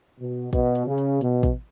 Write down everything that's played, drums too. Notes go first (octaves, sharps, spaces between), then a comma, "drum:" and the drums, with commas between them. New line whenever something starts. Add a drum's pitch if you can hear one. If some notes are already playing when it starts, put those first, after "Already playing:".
B2
B2, drum: kick, hi-hat
drum: hi-hat
C#3
drum: hi-hat
B2, drum: hi-hat
drum: kick, hi-hat